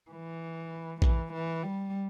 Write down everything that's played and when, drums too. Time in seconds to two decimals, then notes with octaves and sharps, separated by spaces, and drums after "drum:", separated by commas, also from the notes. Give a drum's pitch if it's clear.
0.11 E3
1.02 E3, drum: kick A#1
1.33 E3
1.63 G3